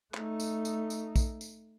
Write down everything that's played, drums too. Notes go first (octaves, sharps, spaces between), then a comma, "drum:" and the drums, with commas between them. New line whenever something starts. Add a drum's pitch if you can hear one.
A3 D#4, drum: clap
drum: tambourine
drum: tambourine
drum: tambourine
drum: kick A#1, tambourine
drum: tambourine